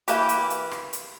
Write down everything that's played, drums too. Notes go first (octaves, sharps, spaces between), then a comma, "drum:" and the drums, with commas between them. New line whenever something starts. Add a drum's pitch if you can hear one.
E3 A#3 E4 G4 B4, drum: hi-hat
drum: hi-hat
drum: hi-hat
drum: rim click
drum: hi-hat